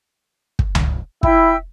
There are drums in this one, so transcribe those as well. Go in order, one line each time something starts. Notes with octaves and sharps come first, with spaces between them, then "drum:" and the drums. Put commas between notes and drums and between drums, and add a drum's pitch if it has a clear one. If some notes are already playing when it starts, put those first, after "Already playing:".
drum: kick
drum: tom C#2
E4 E5 G5 E6, drum: kick